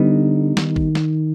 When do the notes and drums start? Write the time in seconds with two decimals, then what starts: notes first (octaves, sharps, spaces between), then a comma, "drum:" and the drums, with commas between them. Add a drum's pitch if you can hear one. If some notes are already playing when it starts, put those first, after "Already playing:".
Already playing: D3 G3 B3 D#4
0.57 D#3, drum: snare
0.76 drum: kick A1
0.95 drum: snare